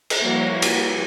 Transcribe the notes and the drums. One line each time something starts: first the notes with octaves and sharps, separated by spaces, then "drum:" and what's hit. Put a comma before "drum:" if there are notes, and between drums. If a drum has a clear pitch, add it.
drum: cymbal
F3 G3 A#3 E4 F#4 C#5
drum: cymbal